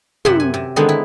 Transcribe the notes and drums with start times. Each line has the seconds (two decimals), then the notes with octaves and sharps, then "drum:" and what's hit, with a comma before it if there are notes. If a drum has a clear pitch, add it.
0.25 F#2 C3 E5 F#5 C6, drum: tom
0.40 G#5
0.54 C3
0.76 D3 D#3 G#3 B3 C4
0.89 E4